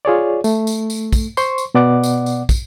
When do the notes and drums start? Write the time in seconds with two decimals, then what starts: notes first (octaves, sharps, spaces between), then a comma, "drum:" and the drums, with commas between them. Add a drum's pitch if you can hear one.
0.05 F4 G#4 C#5 D5
0.44 A3, drum: tambourine
0.67 drum: tambourine
0.90 drum: tambourine
1.13 drum: kick, tambourine
1.37 C5 C6 C#6, drum: tambourine
1.58 drum: tambourine
1.75 B2 B3 D5 F#5 D6
2.04 drum: tambourine
2.26 drum: tambourine
2.49 drum: kick, tambourine